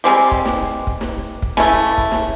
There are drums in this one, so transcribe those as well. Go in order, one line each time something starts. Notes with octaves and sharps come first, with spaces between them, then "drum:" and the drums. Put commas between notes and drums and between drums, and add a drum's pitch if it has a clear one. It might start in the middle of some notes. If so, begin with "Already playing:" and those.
G3 G#3 C4 G4
drum: kick
drum: snare
drum: kick
drum: snare
drum: kick
C#3 E3 A3, drum: snare
drum: kick
drum: snare